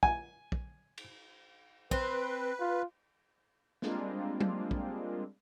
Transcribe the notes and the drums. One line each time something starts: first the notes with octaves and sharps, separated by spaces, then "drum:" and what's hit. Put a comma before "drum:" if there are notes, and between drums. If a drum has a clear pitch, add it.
G#5, drum: kick
drum: kick
drum: cymbal
C4 B4, drum: kick
F4
G3 G#3 A#3 C4 D4 F4, drum: snare
drum: tom F#3
drum: kick